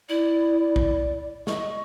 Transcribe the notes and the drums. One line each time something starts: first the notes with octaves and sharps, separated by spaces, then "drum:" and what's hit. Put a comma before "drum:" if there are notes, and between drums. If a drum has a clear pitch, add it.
E4 D5
drum: kick
D#5 C#6, drum: snare